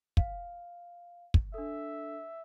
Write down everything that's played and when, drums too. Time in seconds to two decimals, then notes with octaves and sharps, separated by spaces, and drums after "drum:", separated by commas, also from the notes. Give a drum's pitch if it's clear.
0.17 F5, drum: kick
1.34 drum: kick
1.54 D4 A4 E5